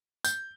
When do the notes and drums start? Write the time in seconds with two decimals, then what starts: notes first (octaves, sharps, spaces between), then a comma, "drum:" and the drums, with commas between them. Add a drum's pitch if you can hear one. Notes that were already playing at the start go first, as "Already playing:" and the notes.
0.25 G6, drum: tambourine